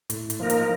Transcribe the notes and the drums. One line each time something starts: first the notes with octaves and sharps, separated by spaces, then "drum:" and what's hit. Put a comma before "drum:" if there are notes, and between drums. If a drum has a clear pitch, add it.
A2, drum: hi-hat
drum: hi-hat
F3 A#3 D#4 A#4
drum: hi-hat